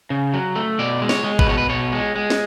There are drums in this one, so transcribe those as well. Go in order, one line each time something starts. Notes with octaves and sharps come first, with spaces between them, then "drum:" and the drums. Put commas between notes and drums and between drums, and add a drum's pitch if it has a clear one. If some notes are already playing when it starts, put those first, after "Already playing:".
C#3
F#3
A3
B2 D5
G#3
C#5, drum: snare
G#3
B4, drum: kick
B2 C#5
B4
B2 C#5
G#3
G#3
drum: snare